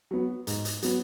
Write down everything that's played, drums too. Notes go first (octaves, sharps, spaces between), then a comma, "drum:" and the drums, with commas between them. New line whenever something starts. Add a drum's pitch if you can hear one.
F#3 B3
G#2, drum: hi-hat
drum: hi-hat
F#3 B3, drum: hi-hat